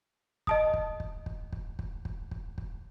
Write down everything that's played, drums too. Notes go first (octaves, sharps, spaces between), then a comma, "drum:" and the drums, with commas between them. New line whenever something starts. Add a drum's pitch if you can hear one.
D#5 A5 D#6, drum: kick
drum: kick
drum: kick
drum: kick
drum: kick
drum: kick
drum: kick
drum: kick
drum: kick